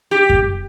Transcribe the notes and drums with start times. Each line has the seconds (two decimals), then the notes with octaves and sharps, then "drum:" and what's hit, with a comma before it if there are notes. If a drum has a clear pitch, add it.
0.11 G4
0.29 drum: kick F#2